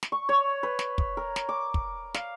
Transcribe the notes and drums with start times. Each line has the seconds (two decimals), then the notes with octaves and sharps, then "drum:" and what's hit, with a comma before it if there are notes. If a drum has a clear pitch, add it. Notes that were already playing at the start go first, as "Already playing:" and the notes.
0.03 drum: snare
0.12 C#6
0.29 C#5
0.63 B4
0.79 drum: snare
0.98 drum: kick
1.17 A#4
1.36 drum: snare
1.49 D6
1.74 drum: kick
2.15 F5, drum: snare